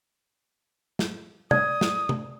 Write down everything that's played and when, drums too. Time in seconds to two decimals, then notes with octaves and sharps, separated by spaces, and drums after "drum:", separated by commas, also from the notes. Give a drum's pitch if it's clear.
0.99 drum: snare
1.51 D5 D#6, drum: tom
1.81 drum: snare
2.09 drum: tom